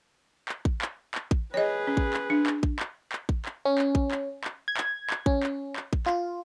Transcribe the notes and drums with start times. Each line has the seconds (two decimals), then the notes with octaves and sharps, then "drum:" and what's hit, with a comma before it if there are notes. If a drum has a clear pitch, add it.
0.49 drum: clap
0.65 drum: kick A1
0.82 drum: clap
1.15 drum: clap
1.31 drum: kick A1
1.54 G#4 B4 C#5 D#5
1.87 C#4
1.97 drum: kick A1
2.14 drum: clap
2.30 D4
2.46 drum: clap
2.63 drum: kick A1
2.79 drum: clap
3.12 drum: clap
3.29 drum: kick A1
3.45 drum: clap
3.65 C#4
3.78 drum: clap
3.95 drum: kick A1
4.11 drum: clap
4.44 drum: clap
4.68 G#6
4.77 drum: clap
5.10 drum: clap
5.26 C#4, drum: kick A1
5.43 drum: clap
5.76 drum: clap
5.93 drum: kick A1
6.06 F4, drum: clap